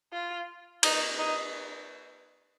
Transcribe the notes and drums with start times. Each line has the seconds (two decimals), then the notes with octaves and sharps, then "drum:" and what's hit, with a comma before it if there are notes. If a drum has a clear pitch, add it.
0.13 F4
0.83 D#4, drum: cymbal
1.18 D#4